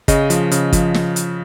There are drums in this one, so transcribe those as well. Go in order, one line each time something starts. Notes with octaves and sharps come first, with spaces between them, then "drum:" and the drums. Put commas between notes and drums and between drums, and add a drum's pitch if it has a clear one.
C#3 D#5, drum: kick, hi-hat
F3, drum: hi-hat
C#3, drum: hi-hat
F3, drum: kick, hi-hat
drum: snare
drum: hi-hat